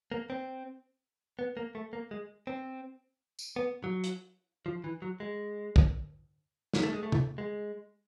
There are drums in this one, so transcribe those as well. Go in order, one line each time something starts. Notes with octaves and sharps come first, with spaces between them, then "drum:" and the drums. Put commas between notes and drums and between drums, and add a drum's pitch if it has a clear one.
A#3
C4
B3
A#3
A3
A#3
G#3
C4
drum: tambourine
B3
F#3
drum: hi-hat
F3
E3
F#3
G#3
drum: kick
drum: snare
A3
G#3
A3
drum: tom
G#3